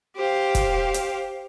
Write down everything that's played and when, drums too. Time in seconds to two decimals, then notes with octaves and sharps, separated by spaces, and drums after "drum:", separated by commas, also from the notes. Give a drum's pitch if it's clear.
0.15 G4 C5 F5
0.55 drum: kick, hi-hat
0.94 drum: hi-hat